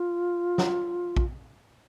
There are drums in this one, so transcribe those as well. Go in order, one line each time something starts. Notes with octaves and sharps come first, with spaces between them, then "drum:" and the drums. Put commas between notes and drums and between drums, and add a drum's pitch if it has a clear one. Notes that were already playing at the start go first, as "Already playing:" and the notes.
Already playing: F4
drum: snare
drum: kick A#1